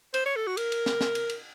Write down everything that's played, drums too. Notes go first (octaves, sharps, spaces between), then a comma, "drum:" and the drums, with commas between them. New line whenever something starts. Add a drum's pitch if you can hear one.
C5, drum: cymbal
C#5
A4
F#4
A#4, drum: cymbal
drum: cymbal
drum: snare
drum: snare
drum: cymbal
drum: cymbal